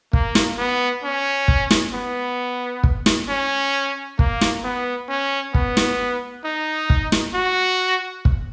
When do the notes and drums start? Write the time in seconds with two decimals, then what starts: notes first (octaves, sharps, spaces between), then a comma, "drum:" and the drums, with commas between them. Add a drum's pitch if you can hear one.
0.13 A#3, drum: kick
0.35 drum: snare
0.58 B3
1.03 C#4
1.48 drum: kick
1.71 drum: snare
1.94 B3
2.84 drum: kick
3.06 drum: snare
3.29 C#4
4.19 A#3, drum: kick
4.41 drum: snare
4.64 B3
5.09 C#4
5.54 B3, drum: kick
5.77 drum: snare
6.45 D#4
6.90 drum: kick
7.12 drum: snare
7.34 F#4
8.25 drum: kick